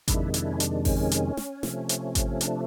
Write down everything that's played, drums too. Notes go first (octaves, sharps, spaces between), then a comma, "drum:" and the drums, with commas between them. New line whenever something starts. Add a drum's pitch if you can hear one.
F2 C3 D#3 G#3 D4 E4, drum: kick G#1, hi-hat
D4 E4, drum: hi-hat
C#4
D4, drum: hi-hat
C#4, drum: kick G#1, open hi-hat
drum: hi-hat
drum: snare
C3 F3 A3, drum: snare
drum: hi-hat
drum: kick G#1, hi-hat
D4, drum: hi-hat